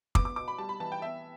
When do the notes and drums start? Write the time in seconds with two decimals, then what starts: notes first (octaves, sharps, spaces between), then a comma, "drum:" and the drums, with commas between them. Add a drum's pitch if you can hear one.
0.15 B3 D6, drum: kick
0.25 D6
0.36 B2 D6
0.48 B5
0.58 G3 A5
0.69 B5
0.80 E3 A5
0.92 G5
1.02 B3 E5